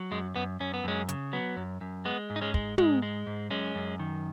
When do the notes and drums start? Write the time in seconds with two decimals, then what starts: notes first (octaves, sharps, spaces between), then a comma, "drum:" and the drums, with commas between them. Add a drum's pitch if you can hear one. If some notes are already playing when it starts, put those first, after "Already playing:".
Already playing: F#3
0.11 F#2 G#3
0.36 F#2 B3
0.60 F#2 C#4
0.74 B3
0.84 F#2 G#3 C#4
1.09 C#3, drum: hi-hat
1.33 F#3 B3
1.57 F#2
1.81 F#2
2.05 G#3 B3
2.30 G#2
2.36 D#4
2.41 G#3 C#4
2.54 G#3, drum: kick
2.78 G#2 G#3, drum: tom
3.02 G#3
3.27 G#2
3.51 F#2 G#3 C#4
3.75 F#2
3.99 D#3